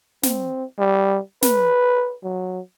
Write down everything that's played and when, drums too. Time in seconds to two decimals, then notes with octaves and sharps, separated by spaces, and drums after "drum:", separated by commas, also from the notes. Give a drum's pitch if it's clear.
0.23 C4, drum: snare
0.78 G3
1.42 B4, drum: snare
2.24 F#3